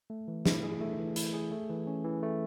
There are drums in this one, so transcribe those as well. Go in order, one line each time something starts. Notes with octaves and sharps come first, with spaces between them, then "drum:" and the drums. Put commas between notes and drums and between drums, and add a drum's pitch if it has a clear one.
A3
E3
E4, drum: snare
G#4
A3
E3
E4, drum: hi-hat
G#4
A3
E3
C#4
E3
A3